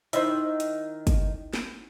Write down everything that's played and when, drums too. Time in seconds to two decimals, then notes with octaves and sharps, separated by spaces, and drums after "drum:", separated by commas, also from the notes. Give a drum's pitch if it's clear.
0.13 D#3 D#4 E4 C5 D#5 E5, drum: hi-hat
0.60 drum: hi-hat
1.07 drum: kick, hi-hat
1.54 drum: snare